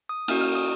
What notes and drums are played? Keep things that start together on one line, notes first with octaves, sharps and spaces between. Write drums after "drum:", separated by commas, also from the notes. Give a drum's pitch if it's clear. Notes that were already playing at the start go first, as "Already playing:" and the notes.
D#6
A#3 C#4 F#4 F6, drum: cymbal
F6
D#6